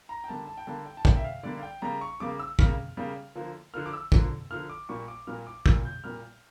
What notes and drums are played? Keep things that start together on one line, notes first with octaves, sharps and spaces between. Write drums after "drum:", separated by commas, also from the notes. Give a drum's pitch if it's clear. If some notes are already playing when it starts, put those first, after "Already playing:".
A#5
G5
D3 G3 A#3 A5
A5
G5
D3 G3 A#3 A5
G5
A5
D3 G3 A#3 G5, drum: kick
E5
F5
D3 G3 A#3 D5
F5
G5
C#3 G3 A#3 A#5
C#6
C#3 G3 A#3 D6
E6
C#3 G3 A#3 F6, drum: kick
C#3 G3 A#3
D3 F3 A#3
D3 F3 A#3 F6
D6
E6
D3 F3 A#3, drum: kick
D3 F3 A#3 F6
D6
A#2 G3 A#3 C#6
D6
A#2 G3 A#3 F6
D6
A#2 G3 A#3 E6, drum: kick
G6
A#2 G3 A#3 F6